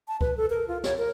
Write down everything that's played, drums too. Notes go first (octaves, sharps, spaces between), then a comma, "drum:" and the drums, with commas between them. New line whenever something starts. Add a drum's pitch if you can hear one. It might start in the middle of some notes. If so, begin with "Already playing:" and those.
A5
B4, drum: kick C#2
A4
A#4
F4
C#5, drum: snare
A#4